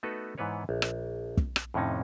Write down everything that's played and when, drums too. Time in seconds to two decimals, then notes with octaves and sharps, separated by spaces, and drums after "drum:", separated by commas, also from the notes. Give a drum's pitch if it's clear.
0.03 A3 B3 D#4 F#4 A4 B4
0.38 G#2 E3 B3 B4 C#5
0.69 A#1
0.82 drum: rim click
1.37 drum: kick
1.56 drum: rim click
1.74 F2 A2 C3 C#4 D#4